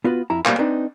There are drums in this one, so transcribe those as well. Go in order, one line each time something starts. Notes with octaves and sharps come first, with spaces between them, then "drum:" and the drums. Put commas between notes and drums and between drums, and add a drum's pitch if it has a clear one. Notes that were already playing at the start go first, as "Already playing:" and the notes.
B3 F4 F#4 B4
F2 E4 A#5
G3 A3 A#3 C5 F5, drum: clap
C4 D4 D#4 B4